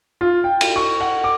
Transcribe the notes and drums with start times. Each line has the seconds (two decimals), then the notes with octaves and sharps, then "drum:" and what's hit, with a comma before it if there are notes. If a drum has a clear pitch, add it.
0.21 F4
0.44 G5
0.61 drum: cymbal
0.76 C#6
1.01 F#5
1.24 D6